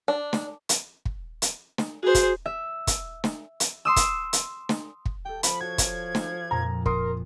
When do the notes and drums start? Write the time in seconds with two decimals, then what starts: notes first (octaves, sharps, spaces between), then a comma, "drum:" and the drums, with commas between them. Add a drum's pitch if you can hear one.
0.08 D4
0.33 drum: snare
0.69 drum: hi-hat
1.05 drum: kick
1.42 drum: hi-hat
1.78 drum: snare
2.03 F#4 G#4 C5
2.15 drum: kick, hi-hat
2.46 E5
2.87 drum: kick, hi-hat
3.24 drum: snare
3.60 drum: hi-hat
3.85 C6 D#6 E6
3.96 drum: kick, hi-hat
4.33 drum: hi-hat
4.69 drum: snare
5.05 drum: kick
5.25 G4 A4 G5
5.43 F3 B5, drum: hi-hat
5.61 F#4 C#5 G#6
5.78 drum: kick, hi-hat
6.15 drum: snare
6.51 F2 A#2 A#5
6.86 A#4 C6 D#6, drum: kick